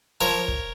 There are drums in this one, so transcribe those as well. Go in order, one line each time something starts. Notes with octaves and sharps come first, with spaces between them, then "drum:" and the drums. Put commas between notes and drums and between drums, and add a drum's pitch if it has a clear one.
F3 A#4 C#5
drum: kick